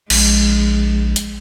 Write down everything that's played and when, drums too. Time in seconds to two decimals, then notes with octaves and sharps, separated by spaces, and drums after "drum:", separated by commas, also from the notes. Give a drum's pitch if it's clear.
0.10 A#1 G#3, drum: cymbal
1.16 drum: hi-hat